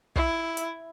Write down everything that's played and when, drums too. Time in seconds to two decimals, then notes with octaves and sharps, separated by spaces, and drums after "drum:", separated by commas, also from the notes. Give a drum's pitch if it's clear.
0.16 E4, drum: kick
0.57 drum: hi-hat